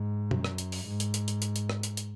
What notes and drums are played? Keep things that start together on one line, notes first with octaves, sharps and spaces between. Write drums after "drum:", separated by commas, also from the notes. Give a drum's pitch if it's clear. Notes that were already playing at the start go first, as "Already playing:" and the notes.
Already playing: G#2
F#2, drum: tom B2
drum: rim click
drum: hi-hat
drum: open hi-hat
G#2
drum: hi-hat
drum: hi-hat
drum: hi-hat
drum: hi-hat
drum: hi-hat
drum: rim click
drum: hi-hat
drum: hi-hat